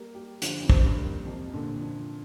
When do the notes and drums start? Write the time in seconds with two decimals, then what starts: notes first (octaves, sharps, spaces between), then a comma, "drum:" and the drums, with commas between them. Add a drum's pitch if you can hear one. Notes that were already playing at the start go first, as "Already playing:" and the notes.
Already playing: G3 A#3
0.15 G4
0.42 D3 F3, drum: hi-hat
0.63 F2
0.69 C5, drum: kick
0.84 G2
0.98 A#3
1.25 F2 C3
1.53 A#2 D3
1.81 F3